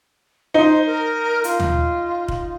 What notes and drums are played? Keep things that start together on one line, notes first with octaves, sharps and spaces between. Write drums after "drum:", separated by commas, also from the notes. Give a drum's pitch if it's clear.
D#4 C5
A#4
F4, drum: hi-hat
drum: tom
drum: kick